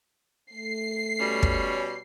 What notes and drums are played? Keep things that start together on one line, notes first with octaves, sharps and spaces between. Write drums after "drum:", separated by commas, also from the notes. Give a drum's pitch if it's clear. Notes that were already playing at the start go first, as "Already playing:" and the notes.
A3 C7
B2 G3 C#4
drum: kick